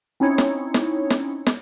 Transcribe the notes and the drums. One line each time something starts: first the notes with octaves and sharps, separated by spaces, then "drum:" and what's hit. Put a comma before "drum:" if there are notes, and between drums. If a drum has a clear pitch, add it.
C4 C#4 D#4 E4 C#5
drum: snare
drum: snare
drum: snare
drum: snare